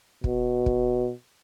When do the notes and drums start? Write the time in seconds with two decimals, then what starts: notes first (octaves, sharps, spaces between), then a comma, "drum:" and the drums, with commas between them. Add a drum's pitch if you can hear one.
0.24 B2, drum: kick
0.66 drum: kick